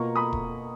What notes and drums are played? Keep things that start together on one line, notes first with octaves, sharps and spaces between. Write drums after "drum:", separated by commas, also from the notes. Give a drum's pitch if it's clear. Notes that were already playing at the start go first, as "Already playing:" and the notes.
Already playing: B2 A#3 F4 A#5 C#6
B5 D#6
drum: kick D#1